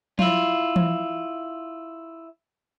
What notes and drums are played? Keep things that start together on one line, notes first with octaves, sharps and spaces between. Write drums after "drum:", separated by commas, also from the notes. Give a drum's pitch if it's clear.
E4 F4, drum: tom F3
drum: tom E3